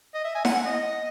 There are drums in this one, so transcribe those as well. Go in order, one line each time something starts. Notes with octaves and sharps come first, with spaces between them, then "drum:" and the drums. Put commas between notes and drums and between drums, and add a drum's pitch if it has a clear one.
D#5
E5
G#5
F#5, drum: snare E4
F#5
D#5